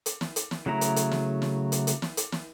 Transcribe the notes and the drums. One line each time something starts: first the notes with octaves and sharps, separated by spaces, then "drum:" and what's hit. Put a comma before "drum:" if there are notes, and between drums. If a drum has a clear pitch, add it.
drum: hi-hat
drum: snare
drum: hi-hat
drum: snare
C#3 F#3 A3 E4 A#5
drum: hi-hat
drum: hi-hat
drum: snare
drum: snare
drum: hi-hat
drum: hi-hat
drum: snare
drum: hi-hat
drum: snare